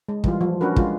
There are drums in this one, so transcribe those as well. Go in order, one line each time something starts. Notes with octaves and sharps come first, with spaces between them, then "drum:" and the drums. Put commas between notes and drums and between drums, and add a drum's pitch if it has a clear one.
G#3
E3 G3 F4, drum: kick
F3
C#4 D4 F#4 A#4 B4
G#3 F4, drum: kick